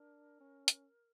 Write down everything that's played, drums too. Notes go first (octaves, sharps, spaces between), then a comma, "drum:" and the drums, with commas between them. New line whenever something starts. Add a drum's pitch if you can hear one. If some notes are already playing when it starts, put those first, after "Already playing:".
Already playing: D4 A#4
C#4
drum: hi-hat